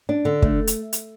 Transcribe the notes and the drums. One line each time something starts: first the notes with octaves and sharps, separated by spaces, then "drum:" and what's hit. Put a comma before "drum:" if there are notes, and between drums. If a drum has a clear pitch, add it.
D4
D3
A3, drum: kick
drum: hi-hat
drum: hi-hat